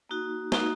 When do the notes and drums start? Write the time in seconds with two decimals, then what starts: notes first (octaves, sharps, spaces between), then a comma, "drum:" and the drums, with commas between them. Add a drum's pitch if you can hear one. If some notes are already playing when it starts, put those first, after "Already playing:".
0.09 A#3 D#4 F#4
0.52 A#3 D#4 F#4, drum: snare